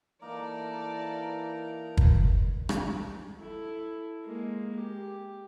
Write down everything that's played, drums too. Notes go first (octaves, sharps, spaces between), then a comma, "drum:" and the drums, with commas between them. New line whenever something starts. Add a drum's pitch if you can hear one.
E3 A#3 D#4 A4 A#4 D5 A#5
drum: kick
drum: rim click
E4 A4
G#3 A#3
G4